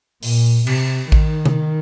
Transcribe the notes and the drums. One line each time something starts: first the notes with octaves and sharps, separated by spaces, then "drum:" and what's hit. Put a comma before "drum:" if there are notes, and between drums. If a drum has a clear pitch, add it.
A#2, drum: open hi-hat
C3, drum: cymbal
D#3, drum: kick A1
drum: tom C3